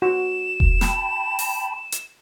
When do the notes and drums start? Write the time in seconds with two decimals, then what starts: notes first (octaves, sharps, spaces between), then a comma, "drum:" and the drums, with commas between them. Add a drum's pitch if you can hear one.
0.02 F#4 E7
0.60 drum: kick E1
0.81 G5 A5 B5, drum: snare
1.39 drum: open hi-hat
1.92 drum: hi-hat